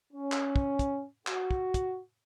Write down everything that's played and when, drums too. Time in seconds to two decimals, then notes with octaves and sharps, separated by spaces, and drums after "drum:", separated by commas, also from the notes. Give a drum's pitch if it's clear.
0.13 C#4
0.32 drum: clap
0.56 drum: kick
0.79 drum: kick, hi-hat
1.27 F#4, drum: clap
1.51 drum: kick
1.74 drum: kick, hi-hat